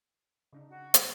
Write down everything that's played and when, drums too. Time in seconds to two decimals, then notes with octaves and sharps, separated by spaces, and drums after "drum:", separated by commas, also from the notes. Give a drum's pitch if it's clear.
0.53 C#3 D4 D#4
0.69 F#4
0.94 B4, drum: hi-hat